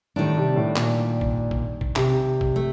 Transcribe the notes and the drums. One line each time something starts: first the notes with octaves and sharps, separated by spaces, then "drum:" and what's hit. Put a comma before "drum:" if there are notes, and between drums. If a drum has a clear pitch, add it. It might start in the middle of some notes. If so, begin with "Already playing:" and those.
A2 D#3 G3 D4
C3
A2
A#2, drum: clap
drum: kick A1
drum: kick A1
drum: kick A1
C3, drum: clap
drum: kick A1
A3